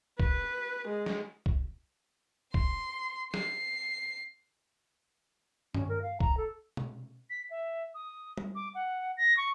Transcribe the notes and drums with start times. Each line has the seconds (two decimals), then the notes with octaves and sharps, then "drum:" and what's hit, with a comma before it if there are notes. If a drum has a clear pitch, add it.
0.20 B4, drum: kick
0.88 G#3
1.06 drum: snare
1.46 drum: kick
2.54 C6, drum: kick
3.34 C7, drum: snare
5.74 C#4, drum: tom G2
5.89 A#4
6.02 F5
6.20 A#5, drum: kick
6.37 A4
6.77 drum: tom B2
7.30 B6
7.50 E5
7.95 D#6
8.37 drum: tom G3
8.55 D6
8.75 F#5
9.17 A#6
9.37 C#6